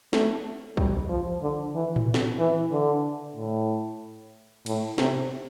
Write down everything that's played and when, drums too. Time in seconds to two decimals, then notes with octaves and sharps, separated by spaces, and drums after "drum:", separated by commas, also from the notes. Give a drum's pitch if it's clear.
0.13 A3, drum: snare
0.77 G3, drum: kick
1.09 F3
1.42 D3
1.75 E3
1.96 drum: tom A2
2.14 drum: snare
2.39 E3
2.72 D3
3.36 A2
4.66 A2, drum: cymbal
4.98 C3, drum: snare